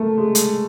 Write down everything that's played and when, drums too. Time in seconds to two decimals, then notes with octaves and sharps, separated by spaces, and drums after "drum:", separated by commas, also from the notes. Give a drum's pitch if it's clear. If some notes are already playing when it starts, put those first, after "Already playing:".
Already playing: A3 A#3
0.18 G#3
0.35 drum: hi-hat